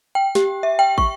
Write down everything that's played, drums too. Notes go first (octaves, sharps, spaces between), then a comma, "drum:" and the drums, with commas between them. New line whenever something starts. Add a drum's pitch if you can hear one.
G5
G4, drum: snare
E5
G5
C#6, drum: kick